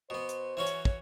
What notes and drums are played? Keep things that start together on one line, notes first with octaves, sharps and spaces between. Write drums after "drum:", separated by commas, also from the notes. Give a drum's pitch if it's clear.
B2 B3 C5
drum: hi-hat
E3 C#4 F#4 C#5
drum: hi-hat
drum: kick